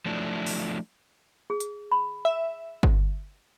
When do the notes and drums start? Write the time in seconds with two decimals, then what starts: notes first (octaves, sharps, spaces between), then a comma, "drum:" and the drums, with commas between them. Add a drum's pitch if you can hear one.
0.06 F3 F#3 A3 D4 E4
0.46 drum: open hi-hat
1.50 G#4
1.60 drum: hi-hat
1.92 B5
2.25 E5
2.83 drum: kick G1